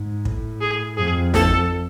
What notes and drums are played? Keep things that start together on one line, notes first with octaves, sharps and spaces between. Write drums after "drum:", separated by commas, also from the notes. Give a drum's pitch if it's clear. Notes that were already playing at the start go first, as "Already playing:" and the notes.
Already playing: G#2
A2, drum: kick
G#4
F2 G#4
A4, drum: snare